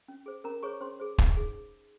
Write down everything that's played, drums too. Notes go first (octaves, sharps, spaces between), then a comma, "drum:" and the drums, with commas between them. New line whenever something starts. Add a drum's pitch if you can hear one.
C#4
G#4 C5
C#4 A#4 A#5
G#4 C5 C#5 C#6
C#4 C5 C6
G#4 C5
D#4, drum: kick
G#4